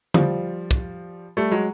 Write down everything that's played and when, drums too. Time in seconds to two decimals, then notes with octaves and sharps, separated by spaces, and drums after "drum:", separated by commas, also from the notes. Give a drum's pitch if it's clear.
0.14 F3 G3, drum: tom D3
0.71 drum: kick
1.37 G3 A3
1.52 F#3 G#3